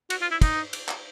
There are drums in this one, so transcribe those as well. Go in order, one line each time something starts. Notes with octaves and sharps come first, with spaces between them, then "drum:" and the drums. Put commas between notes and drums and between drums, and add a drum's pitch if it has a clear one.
F#4, drum: cymbal
F4
E4
D#4, drum: kick, cymbal
drum: cymbal
drum: clap